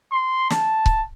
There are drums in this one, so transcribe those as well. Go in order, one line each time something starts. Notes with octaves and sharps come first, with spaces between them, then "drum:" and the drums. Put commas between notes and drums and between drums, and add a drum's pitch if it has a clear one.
C6
A5, drum: snare
drum: kick C#1